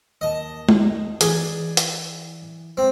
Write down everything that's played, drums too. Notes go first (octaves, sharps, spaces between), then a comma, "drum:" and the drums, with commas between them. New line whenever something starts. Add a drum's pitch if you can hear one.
D#2 D#5 A5
drum: tom G#3
E3 G#4 D5, drum: hi-hat
drum: hi-hat
G#3 C4